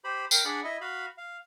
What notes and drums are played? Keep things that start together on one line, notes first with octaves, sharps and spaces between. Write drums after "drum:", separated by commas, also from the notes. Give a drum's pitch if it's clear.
G4 C5 B5
A#4 G5, drum: tambourine
D4 G#4 D5 F#5 B5
E4 D#5 E5
F#4 F5 B5
F5